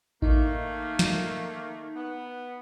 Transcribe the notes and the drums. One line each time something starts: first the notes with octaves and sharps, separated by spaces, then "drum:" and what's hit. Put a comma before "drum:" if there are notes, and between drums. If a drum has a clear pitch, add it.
D#3 A3 A#3 D#4, drum: kick A1
drum: snare
B3